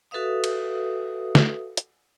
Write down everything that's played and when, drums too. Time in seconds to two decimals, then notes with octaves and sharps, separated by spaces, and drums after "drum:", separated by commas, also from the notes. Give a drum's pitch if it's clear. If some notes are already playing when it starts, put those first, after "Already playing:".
0.11 F#4 A4 B4 E5 F5 D#6
0.44 drum: cymbal
1.35 drum: snare
1.77 drum: hi-hat